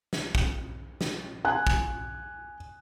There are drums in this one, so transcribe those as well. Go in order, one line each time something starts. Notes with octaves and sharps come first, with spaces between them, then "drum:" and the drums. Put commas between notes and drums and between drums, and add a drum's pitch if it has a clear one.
drum: snare
drum: kick
drum: snare
G#5 F#6
drum: kick